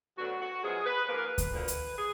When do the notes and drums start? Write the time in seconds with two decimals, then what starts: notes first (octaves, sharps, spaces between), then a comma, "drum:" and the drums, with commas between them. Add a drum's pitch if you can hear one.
0.18 D2 D3 F#3 B3 F#4
0.41 F#4
0.63 F#2 F3 G#3 B3 G#4
0.85 B4
1.08 G#2 F3 A#3 B4
1.16 A#4
1.25 B4
1.38 drum: kick D2, hi-hat
1.52 D2 D3 F3 A#3
1.68 drum: hi-hat
1.97 G#4